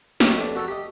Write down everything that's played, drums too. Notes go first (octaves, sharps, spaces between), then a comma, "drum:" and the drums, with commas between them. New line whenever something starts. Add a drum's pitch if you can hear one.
B2 F#3 G4, drum: snare
F2 D4
F#4 A4 G5 A#5
G4 D#5